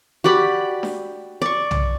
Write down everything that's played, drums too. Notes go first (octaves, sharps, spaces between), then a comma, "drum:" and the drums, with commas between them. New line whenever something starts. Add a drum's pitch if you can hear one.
F#4 G4 D5 B5
drum: snare D4
D5 C#6
drum: tom B1